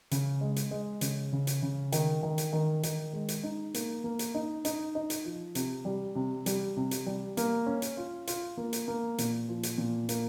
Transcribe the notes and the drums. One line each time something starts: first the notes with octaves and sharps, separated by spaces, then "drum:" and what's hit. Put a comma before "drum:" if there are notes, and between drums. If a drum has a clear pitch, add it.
C#3, drum: hi-hat
G#3
drum: hi-hat
G#3
C#3, drum: hi-hat
C#3
drum: hi-hat
C#3
D#3, drum: hi-hat
D#3
drum: hi-hat
D#3
D#3, drum: hi-hat
G#3
drum: hi-hat
D#4
A#3, drum: hi-hat
A#3
drum: hi-hat
D#4
D#4, drum: hi-hat
D#4
drum: hi-hat
F3
C3, drum: hi-hat
G3
C3
G3, drum: hi-hat
C3
drum: hi-hat
G3
A#3, drum: hi-hat
C#4
drum: hi-hat
F4
F4, drum: hi-hat
A#3
drum: hi-hat
A#3
A#2, drum: hi-hat
F3
drum: hi-hat
A#2
A#3, drum: hi-hat